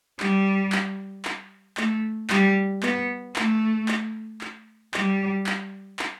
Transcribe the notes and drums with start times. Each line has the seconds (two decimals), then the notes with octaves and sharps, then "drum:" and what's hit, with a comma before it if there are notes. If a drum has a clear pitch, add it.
0.20 G3, drum: clap
0.72 drum: clap
1.25 drum: clap
1.77 A3, drum: clap
2.30 G3, drum: clap
2.83 B3, drum: clap
3.36 A3, drum: clap
3.88 drum: clap
4.41 drum: clap
4.94 G3, drum: clap
5.46 drum: clap
5.99 drum: clap